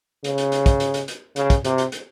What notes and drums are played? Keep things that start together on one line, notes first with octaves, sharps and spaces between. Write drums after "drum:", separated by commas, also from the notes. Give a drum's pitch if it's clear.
C#3, drum: hi-hat
drum: hi-hat
drum: hi-hat
drum: kick, hi-hat
drum: hi-hat
drum: hi-hat
drum: hi-hat
C#3, drum: hi-hat
drum: kick, hi-hat
C3, drum: hi-hat
drum: hi-hat
drum: hi-hat